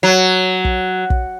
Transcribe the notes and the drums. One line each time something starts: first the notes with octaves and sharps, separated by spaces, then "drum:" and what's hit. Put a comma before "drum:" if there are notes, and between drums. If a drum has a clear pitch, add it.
F#3
drum: kick
drum: kick